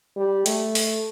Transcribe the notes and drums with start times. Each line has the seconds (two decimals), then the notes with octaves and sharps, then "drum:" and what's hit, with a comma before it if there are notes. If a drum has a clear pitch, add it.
0.17 G3
0.46 A3, drum: hi-hat
0.75 drum: open hi-hat